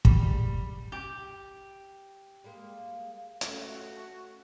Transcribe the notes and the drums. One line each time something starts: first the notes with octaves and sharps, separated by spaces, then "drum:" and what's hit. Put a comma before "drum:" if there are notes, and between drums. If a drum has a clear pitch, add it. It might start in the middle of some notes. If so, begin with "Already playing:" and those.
G3, drum: kick
G4
G3 G#3 A#3
A3 C#4 F#4, drum: hi-hat